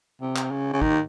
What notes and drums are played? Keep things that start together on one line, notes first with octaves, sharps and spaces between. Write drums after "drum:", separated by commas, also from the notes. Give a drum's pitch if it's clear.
C3
drum: clap
C#3
C#3
D#3, drum: kick